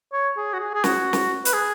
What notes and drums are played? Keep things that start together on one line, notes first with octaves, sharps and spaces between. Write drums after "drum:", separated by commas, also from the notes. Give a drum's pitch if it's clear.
C#5
G#4
F#4
G#4
G#4
F#4, drum: snare
drum: snare
B4, drum: hi-hat
G#4